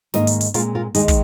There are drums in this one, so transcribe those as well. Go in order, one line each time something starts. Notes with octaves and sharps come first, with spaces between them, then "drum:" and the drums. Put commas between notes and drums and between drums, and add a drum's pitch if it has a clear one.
G#2 D#3 A#3 A#4 D#5, drum: snare
drum: hi-hat
drum: hi-hat
A#2 G#3 C4 F4 A#4, drum: hi-hat
F4 A#4
D#2 D#3 G#3 D#4 G#4, drum: hi-hat
drum: kick, hi-hat